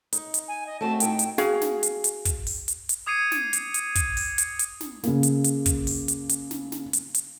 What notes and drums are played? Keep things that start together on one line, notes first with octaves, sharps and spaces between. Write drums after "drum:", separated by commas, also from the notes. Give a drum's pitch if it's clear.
D#4, drum: hi-hat
drum: hi-hat
G#5
D#5
A3 C4 F#4 A5
A2 D#4 G5, drum: hi-hat
drum: hi-hat
F#4 G#4 F5, drum: snare
drum: snare
drum: hi-hat
drum: hi-hat
drum: kick, hi-hat
drum: open hi-hat
drum: hi-hat
drum: hi-hat
D6 D#6 G#6 C7 C#7 D#7
drum: snare
drum: hi-hat
drum: hi-hat
drum: kick, hi-hat
drum: open hi-hat
drum: hi-hat
drum: hi-hat
drum: snare
C#3 A#3, drum: snare
drum: hi-hat
drum: hi-hat
drum: kick, hi-hat
drum: open hi-hat
drum: hi-hat
drum: hi-hat
drum: snare
drum: snare
drum: hi-hat
drum: hi-hat